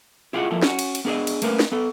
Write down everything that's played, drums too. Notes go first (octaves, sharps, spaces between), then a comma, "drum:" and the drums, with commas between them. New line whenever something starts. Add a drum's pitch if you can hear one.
E4 F4 G4 G#4 D#5 F#5
F2 F3 A#3 E4 A4
C#4 F#4, drum: snare
drum: cymbal
drum: cymbal
B3 D4 G#4 A4 D5 D#5
drum: cymbal
A3 A#3 C#4 A#4 B4, drum: cymbal
drum: snare
B3 A4